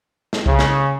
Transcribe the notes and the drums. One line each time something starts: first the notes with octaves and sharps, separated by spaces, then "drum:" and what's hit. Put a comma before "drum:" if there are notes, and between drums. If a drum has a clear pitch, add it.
drum: snare
C#3, drum: kick B1
drum: snare